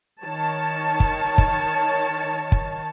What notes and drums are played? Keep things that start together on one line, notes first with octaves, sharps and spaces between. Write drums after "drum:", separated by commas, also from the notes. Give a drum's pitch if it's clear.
D#3 C#5 A5
drum: kick
drum: kick
drum: kick